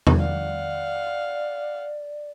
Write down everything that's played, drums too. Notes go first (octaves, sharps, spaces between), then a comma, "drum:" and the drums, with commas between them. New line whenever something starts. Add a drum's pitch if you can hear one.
drum: tom E2
D5 F5 F#5